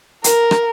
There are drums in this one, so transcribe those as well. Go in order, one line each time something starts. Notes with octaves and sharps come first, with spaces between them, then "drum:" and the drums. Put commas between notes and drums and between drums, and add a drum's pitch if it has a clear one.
A#4, drum: hi-hat
drum: rim click